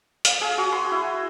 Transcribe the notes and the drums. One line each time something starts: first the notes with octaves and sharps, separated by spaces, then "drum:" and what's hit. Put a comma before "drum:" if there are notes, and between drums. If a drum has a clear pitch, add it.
F5, drum: hi-hat
G#4
F#4
C6
E4